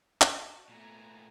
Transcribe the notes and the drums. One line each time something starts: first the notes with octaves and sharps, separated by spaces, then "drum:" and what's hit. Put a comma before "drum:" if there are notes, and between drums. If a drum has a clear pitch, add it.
F#4 D5 A5, drum: clap
A#2 A3 B3 G#5 A#5